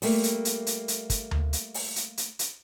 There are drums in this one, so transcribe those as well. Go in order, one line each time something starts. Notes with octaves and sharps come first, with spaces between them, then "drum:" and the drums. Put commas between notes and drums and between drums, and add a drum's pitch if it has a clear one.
G3 A3 A#3, drum: open hi-hat
drum: hi-hat
drum: hi-hat
drum: hi-hat
drum: hi-hat
drum: kick, hi-hat
drum: tom D2
drum: hi-hat
drum: open hi-hat
drum: hi-hat
drum: hi-hat
drum: hi-hat